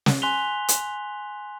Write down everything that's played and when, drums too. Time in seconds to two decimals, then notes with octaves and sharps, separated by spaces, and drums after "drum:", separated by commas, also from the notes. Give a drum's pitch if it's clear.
0.06 drum: snare
0.22 G#5 C6 F#6 B6 F7 G7
0.68 drum: hi-hat